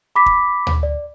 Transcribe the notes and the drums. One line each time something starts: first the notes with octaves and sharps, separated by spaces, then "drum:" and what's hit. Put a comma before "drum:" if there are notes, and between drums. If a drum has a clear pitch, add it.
B5 D6 B6
drum: kick
drum: tom
D5